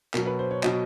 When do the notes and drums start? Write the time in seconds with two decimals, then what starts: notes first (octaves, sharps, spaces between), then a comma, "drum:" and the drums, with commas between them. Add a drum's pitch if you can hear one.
0.14 B2 F#3 A#4, drum: clap
0.26 B4
0.39 C5
0.51 C#5
0.63 B2 F#3 D#5, drum: clap